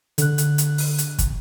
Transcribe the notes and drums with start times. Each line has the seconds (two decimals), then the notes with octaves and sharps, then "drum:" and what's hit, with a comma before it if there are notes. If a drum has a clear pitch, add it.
0.18 D3 F#6, drum: hi-hat
0.38 drum: hi-hat
0.58 drum: hi-hat
0.78 drum: open hi-hat
0.98 drum: hi-hat
1.19 drum: kick, hi-hat